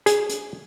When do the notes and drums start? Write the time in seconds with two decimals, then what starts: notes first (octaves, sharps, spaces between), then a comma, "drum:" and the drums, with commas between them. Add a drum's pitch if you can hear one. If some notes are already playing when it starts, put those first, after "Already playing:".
0.06 G#4, drum: hi-hat
0.29 drum: hi-hat